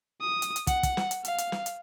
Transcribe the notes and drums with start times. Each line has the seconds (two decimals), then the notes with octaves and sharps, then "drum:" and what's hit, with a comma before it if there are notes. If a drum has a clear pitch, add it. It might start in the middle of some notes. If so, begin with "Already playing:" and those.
0.21 D#6
0.42 drum: hi-hat
0.56 drum: hi-hat
0.67 F#5, drum: kick, hi-hat
0.83 drum: kick, hi-hat
0.97 drum: snare
1.11 drum: hi-hat
1.25 F5, drum: hi-hat
1.38 drum: hi-hat
1.52 drum: snare
1.66 drum: hi-hat